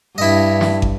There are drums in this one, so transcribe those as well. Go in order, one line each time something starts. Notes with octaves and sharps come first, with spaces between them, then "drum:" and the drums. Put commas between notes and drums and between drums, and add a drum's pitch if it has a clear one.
G2 E4 D#5
drum: snare
drum: kick